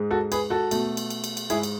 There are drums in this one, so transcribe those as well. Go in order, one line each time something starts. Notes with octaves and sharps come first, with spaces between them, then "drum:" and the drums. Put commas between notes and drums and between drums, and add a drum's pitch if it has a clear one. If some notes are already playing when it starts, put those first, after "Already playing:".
Already playing: G#2 G#3
F#4 A4
G#4 B4, drum: cymbal
F#4 A4
B2 A3, drum: cymbal
drum: cymbal
drum: cymbal
drum: cymbal
drum: cymbal
G#2 G#3 E4 G#4, drum: cymbal
drum: cymbal